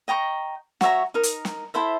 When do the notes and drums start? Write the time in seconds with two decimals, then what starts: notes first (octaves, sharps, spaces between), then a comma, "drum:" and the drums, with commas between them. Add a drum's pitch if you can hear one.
0.08 D#5 G5 A#5 C#6
0.81 F#4 C#5 E5 A#5, drum: snare
1.14 D#4 A#4
1.23 drum: hi-hat
1.45 drum: snare
1.74 E4 A4 C5 E5